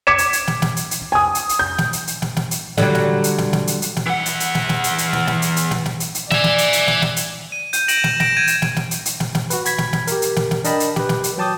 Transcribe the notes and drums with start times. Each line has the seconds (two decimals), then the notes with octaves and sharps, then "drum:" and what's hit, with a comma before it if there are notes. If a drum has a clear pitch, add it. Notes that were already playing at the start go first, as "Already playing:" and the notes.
0.07 D6 G#6 B6 C#7 E7
0.18 drum: hi-hat
0.33 drum: hi-hat
0.47 drum: snare
0.62 drum: snare
0.77 drum: hi-hat
0.91 drum: hi-hat
1.12 G#5 D#6
1.35 drum: hi-hat
1.49 drum: hi-hat
1.59 G6
1.78 drum: snare
1.93 drum: hi-hat
2.07 drum: hi-hat
2.22 drum: snare
2.36 drum: snare
2.51 drum: hi-hat
2.78 D3 F#3 G3, drum: snare
2.95 drum: snare
3.24 drum: hi-hat
3.38 drum: snare
3.53 drum: snare
3.67 drum: hi-hat
3.82 drum: hi-hat
3.96 drum: snare
4.06 E3 F#5
4.26 drum: hi-hat
4.40 drum: hi-hat
4.55 drum: snare
4.69 drum: snare
4.84 drum: hi-hat
4.98 drum: hi-hat
5.13 drum: snare
5.27 drum: snare
5.42 drum: hi-hat
5.56 drum: hi-hat
5.71 drum: snare
5.86 drum: snare
6.00 drum: hi-hat
6.15 drum: hi-hat
6.31 D5 E5 G#5, drum: snare
6.44 drum: snare
6.58 drum: hi-hat
6.73 drum: hi-hat
6.87 drum: snare
7.02 drum: snare
7.16 drum: hi-hat
7.52 D#7
7.73 G6 D#7, drum: hi-hat
7.88 A#6 D7 E7 F#7, drum: hi-hat
8.04 drum: snare
8.20 A#6 D7 E7, drum: snare
8.37 G6 G#6 D7 D#7
8.47 drum: hi-hat
8.62 drum: snare
8.76 drum: snare
8.91 drum: hi-hat
9.06 drum: hi-hat
9.20 drum: snare
9.35 drum: snare
9.50 F#4 B4, drum: hi-hat
9.65 B5 G#6 B6, drum: hi-hat
9.78 drum: snare
9.93 drum: snare
10.07 G4 A#4, drum: hi-hat
10.22 drum: hi-hat
10.36 drum: snare
10.51 drum: snare
10.64 D4 A#4 D#5 G5 A5 B5, drum: hi-hat
10.80 drum: hi-hat
10.96 G4 B4, drum: snare
11.09 drum: snare
11.24 drum: hi-hat
11.38 F#3 G5 A5 D6 D#6 G6